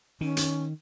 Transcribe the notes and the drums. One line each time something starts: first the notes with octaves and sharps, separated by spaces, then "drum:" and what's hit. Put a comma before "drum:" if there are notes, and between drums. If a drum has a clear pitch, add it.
D#3 C#4
drum: hi-hat